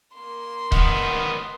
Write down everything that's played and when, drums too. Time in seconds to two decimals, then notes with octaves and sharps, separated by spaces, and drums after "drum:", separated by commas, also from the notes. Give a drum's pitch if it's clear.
0.14 A#3 C6
0.72 D#3 B3, drum: kick C#1